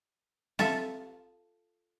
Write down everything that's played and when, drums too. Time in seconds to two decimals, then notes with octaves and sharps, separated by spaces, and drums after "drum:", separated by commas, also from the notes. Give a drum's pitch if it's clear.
0.59 F4 A4 E5, drum: snare C4